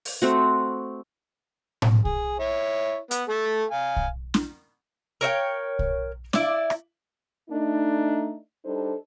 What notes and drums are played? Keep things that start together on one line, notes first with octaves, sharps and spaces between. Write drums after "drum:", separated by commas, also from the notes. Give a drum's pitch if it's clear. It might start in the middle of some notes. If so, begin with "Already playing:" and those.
drum: open hi-hat
A3 C4 F#4
drum: tom A2
G#4, drum: kick B1
E4 C#5
B3 F#5, drum: hi-hat
A3 A4
F5 G#5
drum: kick B1
drum: snare
A#4 C#5 E5 G5
drum: kick B1
E4 D5, drum: snare
drum: rim click
A3 D4 D#4
G3 D4 D#4 A4 C5